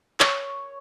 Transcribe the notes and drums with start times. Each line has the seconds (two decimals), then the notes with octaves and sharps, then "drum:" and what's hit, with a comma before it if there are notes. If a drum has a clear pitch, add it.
0.20 C#5, drum: clap